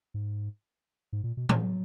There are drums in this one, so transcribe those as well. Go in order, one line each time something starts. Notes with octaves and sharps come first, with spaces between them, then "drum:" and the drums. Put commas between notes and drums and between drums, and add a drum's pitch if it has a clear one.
G#2
G#2
A#2
B2
E3, drum: tom A2
F#3